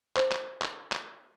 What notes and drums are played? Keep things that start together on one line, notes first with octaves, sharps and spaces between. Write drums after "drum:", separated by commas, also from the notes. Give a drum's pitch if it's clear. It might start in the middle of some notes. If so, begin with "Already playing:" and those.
C5, drum: clap
drum: clap
drum: clap
drum: clap